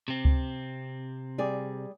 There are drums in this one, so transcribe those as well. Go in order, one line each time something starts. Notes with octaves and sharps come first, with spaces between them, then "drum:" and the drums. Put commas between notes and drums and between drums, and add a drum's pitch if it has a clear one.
C3 C4
drum: kick C#2
G3 G#4 D5